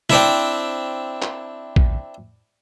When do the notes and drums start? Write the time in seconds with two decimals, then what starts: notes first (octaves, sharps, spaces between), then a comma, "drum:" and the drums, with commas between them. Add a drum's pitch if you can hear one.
0.10 C4 D4 E4, drum: snare
1.22 drum: clap
1.76 drum: kick A#1